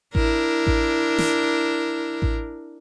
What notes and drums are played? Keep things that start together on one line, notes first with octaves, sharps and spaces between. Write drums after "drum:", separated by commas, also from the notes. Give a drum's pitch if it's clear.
D4 E4 A#4, drum: kick A1
drum: kick A1
drum: snare
drum: kick A1